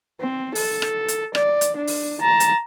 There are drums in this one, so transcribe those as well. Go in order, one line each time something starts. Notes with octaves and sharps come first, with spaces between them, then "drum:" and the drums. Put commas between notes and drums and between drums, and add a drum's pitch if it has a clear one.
C4
A4, drum: open hi-hat
drum: rim click
drum: hi-hat
D5, drum: rim click
drum: hi-hat
D4
drum: open hi-hat
A5 A#5
drum: hi-hat